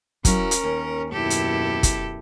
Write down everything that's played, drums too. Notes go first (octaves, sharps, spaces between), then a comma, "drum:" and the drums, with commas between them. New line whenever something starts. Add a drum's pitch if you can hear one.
F#3 C#4 E4 A#4, drum: kick, hi-hat
drum: hi-hat
D#2
F#2 B2 E4 G4 A4
drum: hi-hat
drum: kick, hi-hat